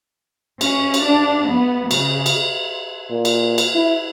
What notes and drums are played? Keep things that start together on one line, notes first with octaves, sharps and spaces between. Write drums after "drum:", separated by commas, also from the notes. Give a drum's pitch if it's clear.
C#4, drum: cymbal
drum: cymbal
D4
B3
C#3, drum: cymbal
drum: cymbal
A#2
drum: cymbal
drum: cymbal
E4